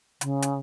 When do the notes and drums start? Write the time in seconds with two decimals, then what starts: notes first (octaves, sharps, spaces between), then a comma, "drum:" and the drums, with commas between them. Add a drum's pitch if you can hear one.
0.21 C#3, drum: hi-hat
0.42 drum: hi-hat